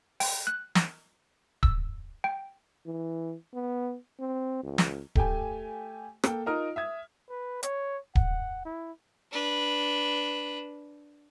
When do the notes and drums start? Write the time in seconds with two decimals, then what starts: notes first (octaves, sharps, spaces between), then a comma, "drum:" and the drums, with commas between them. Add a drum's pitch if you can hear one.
0.20 G5, drum: open hi-hat
0.47 F#6
0.75 drum: snare
1.63 E6, drum: kick D1
2.24 G5
2.86 E3
3.54 B3
4.20 C4
4.63 C#2
4.78 drum: snare
5.15 A3 G4 G5 G#5, drum: kick D1
6.24 A#3 A4 G5, drum: rim click
6.46 D#4 F4 A#4 D#6 F6
6.76 E5 D#6 G#6
7.30 B4
7.63 C#5, drum: hi-hat
8.15 F#5, drum: kick D1
8.65 E4
9.32 D4 B4